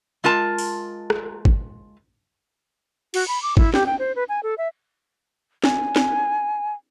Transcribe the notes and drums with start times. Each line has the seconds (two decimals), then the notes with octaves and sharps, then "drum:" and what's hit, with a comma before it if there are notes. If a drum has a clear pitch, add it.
0.24 G#3 F4 A#4 A5
0.58 drum: open hi-hat
1.10 drum: rim click
1.45 drum: kick
3.14 F#4, drum: cymbal
3.28 B5
3.43 D6
3.57 E4, drum: kick
3.74 G4, drum: snare
3.86 G5
3.99 C5
4.16 B4
4.29 G#5
4.43 A4
4.58 E5
5.64 G#5, drum: snare
5.96 drum: snare